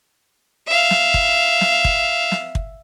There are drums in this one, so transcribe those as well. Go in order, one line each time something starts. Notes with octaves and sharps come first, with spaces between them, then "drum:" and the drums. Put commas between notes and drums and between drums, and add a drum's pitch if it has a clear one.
E5 F5
drum: snare
drum: kick
drum: snare
drum: kick
drum: snare
drum: kick